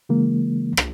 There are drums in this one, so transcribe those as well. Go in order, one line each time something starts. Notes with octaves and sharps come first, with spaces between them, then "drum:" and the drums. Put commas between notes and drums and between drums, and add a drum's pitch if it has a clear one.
C#3 E3 G#3 A#3
drum: rim click